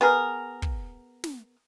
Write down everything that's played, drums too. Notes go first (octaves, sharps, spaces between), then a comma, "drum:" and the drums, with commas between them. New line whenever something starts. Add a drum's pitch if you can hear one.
B3 G#4 A#4
drum: kick
drum: snare